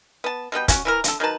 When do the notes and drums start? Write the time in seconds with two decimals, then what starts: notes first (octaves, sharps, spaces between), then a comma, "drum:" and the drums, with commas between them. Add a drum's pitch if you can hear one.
0.24 B3 A5
0.52 B2 G3 B3 G5
0.68 C#4 F#4, drum: kick, hi-hat
0.85 E3 E4 A#4
1.04 D3 A4, drum: hi-hat
1.20 D#3 F#3 B4 A5